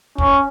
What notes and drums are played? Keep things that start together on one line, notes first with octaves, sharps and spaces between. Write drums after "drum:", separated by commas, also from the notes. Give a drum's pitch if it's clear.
C#4, drum: kick